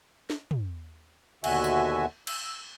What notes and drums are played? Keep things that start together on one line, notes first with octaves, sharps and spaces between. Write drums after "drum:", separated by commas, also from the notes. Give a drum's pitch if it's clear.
drum: snare
drum: tom
D#2 B2 D3 F#4 E5 G#5, drum: cymbal
drum: tambourine
E6, drum: cymbal